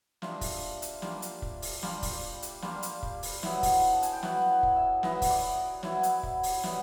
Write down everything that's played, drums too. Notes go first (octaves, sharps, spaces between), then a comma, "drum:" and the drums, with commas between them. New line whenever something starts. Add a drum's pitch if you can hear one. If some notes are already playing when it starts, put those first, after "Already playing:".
G3 A#3 D4 F4 E5, drum: snare
D#5
E5, drum: kick, open hi-hat
drum: hi-hat
G3 A#3 D4 F4, drum: snare
drum: hi-hat
drum: kick
drum: open hi-hat
G3 A#3 D4 F4, drum: snare
drum: kick, open hi-hat
drum: hi-hat
G3 A#3 D4 F4 F5, drum: snare
drum: hi-hat
drum: kick
drum: open hi-hat
F#3 B3 E4, drum: snare
drum: kick, open hi-hat
A5
G#5, drum: hi-hat
G5
F#3 B3 E4 F#5, drum: snare
G#5
drum: kick
E5
F#3 B3 E4 D#5, drum: snare
D#5, drum: kick, open hi-hat
D5
F#3 B3 E4, drum: snare
drum: hi-hat
drum: kick
drum: open hi-hat
G3 B3 E4, drum: snare